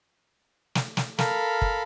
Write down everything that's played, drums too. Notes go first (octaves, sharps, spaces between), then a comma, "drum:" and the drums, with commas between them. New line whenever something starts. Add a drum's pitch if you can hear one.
drum: snare
drum: snare
A4 A#4 F5 B5, drum: snare
drum: kick